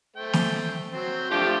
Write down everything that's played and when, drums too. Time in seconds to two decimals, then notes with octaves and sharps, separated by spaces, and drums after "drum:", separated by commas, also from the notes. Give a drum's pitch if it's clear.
0.16 A3 C5 G5
0.33 drum: snare
0.93 F#3 C4 C5
1.30 D3 F3 A3 F4 G4 G5